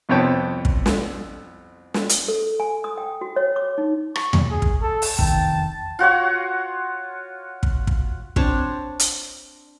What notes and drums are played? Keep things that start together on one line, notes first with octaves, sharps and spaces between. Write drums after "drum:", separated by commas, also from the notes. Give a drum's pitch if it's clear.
C2 F2 B3 C#5 G5 A5
drum: kick
drum: snare
drum: snare
drum: hi-hat
A4
G#5
D#6
G5
F#4
C#5
D6
D#4
C#6, drum: rim click
drum: tom E2
G#4
drum: kick
A4
drum: open hi-hat
F1 E2 D#3 G5 A5, drum: kick
F4 F#4 C#5 F#5
drum: kick
drum: kick
C4 D4 C#5 A5, drum: kick
drum: hi-hat